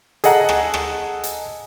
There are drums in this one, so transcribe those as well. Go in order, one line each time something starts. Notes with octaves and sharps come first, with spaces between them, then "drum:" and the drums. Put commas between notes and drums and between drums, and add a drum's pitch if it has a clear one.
G#4 A4 D#5 F#5 A#5, drum: hi-hat
drum: rim click
drum: rim click
drum: hi-hat